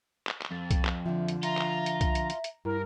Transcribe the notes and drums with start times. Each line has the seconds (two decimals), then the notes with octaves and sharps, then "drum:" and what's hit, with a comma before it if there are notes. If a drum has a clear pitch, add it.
0.27 drum: clap
0.42 drum: clap
0.51 F2 A6
0.71 drum: kick C2, hi-hat
0.85 drum: clap
1.06 D3 F3 E5
1.28 drum: hi-hat
1.43 F4 E5 A#5, drum: hi-hat
1.57 drum: clap
1.86 drum: hi-hat
2.01 drum: kick C2, hi-hat
2.15 drum: hi-hat
2.30 drum: hi-hat
2.44 drum: hi-hat
2.65 G2 E4 A#4